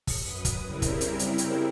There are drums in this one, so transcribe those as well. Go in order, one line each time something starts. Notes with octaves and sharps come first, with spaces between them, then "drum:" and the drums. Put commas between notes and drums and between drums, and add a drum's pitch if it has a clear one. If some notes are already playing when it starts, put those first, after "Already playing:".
drum: kick, open hi-hat
F#2 B4 D#6
drum: kick, hi-hat
C#3 G3 C4 E4 A#4
drum: kick, hi-hat
drum: hi-hat
drum: hi-hat
drum: hi-hat